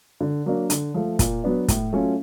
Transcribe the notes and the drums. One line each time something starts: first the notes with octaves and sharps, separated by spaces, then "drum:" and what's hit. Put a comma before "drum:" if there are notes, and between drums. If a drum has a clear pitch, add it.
D3
F#3 A#3 D4
D3, drum: hi-hat
F3 A3
A#2, drum: kick, hi-hat
F#3 B3 D4
A2, drum: kick, hi-hat
F#3 A3 C#4 F4